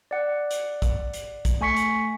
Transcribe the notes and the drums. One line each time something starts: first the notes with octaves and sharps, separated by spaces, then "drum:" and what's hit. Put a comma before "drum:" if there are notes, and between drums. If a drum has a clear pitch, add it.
D5 F#5
drum: hi-hat
drum: kick, hi-hat
drum: hi-hat
drum: kick, hi-hat
A3 G#5 C#6 B6 C#7
drum: hi-hat